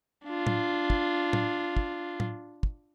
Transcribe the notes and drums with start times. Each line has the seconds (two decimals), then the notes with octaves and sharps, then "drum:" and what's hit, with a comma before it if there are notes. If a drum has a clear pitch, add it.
0.25 D4 F4
0.47 drum: tom A2
0.90 drum: kick
1.33 drum: tom A2
1.77 drum: kick
2.20 drum: tom A2
2.63 drum: kick